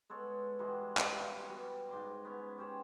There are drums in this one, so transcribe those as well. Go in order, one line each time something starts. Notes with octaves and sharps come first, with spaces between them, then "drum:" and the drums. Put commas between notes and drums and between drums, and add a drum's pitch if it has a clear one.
G#3 B3 A4 C#5
B2 E3 G3 G#3
drum: clap
G3 B3 F#4
G#2 C6 D6
B3 C#4
C#4 G4 C5 C#5